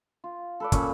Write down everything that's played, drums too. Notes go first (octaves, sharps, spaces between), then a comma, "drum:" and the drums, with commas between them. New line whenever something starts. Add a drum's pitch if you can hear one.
F4
A4 B4 D5
A#2 C#4 F5 B5, drum: kick, hi-hat